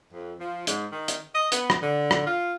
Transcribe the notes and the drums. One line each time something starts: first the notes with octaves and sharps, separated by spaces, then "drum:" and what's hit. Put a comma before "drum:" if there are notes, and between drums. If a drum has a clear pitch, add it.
F2
F3
G#2, drum: hi-hat
D#3
drum: hi-hat
D#5
B3, drum: hi-hat
drum: rim click
D3
drum: rim click
F4